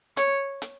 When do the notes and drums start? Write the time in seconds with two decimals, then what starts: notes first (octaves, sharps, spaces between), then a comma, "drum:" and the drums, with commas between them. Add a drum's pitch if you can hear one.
0.17 C#5, drum: hi-hat
0.62 drum: hi-hat